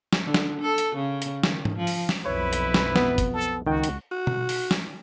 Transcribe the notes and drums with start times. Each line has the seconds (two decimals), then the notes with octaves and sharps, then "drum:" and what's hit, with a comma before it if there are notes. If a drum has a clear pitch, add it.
0.13 drum: snare
0.25 D3
0.34 drum: snare
0.62 A4
0.78 drum: hi-hat
0.96 C#3
1.22 drum: hi-hat
1.44 D#3, drum: snare
1.65 drum: tom G#2
1.77 F3
1.87 drum: open hi-hat
2.09 drum: snare
2.26 B1 F2 E4 B4 C#5
2.53 drum: hi-hat
2.74 drum: snare
2.96 B3, drum: snare
3.18 drum: kick G1, hi-hat
3.34 A4
3.67 C#2 D#3 F#4 G5
3.84 drum: hi-hat
4.11 F#4
4.27 drum: tom B2
4.49 drum: open hi-hat
4.71 drum: snare